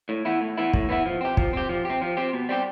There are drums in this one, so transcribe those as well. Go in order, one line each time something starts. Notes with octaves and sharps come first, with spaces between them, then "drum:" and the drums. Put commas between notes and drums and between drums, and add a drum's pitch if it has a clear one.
A2
E3 B3 E4
A2
E3 B3 E4
A2, drum: kick
E3 B3 E4
F3
C4 G4
F3, drum: kick
C4 G4
F3
C4 G4
F3
C4 G4
B2
G3 C4 G4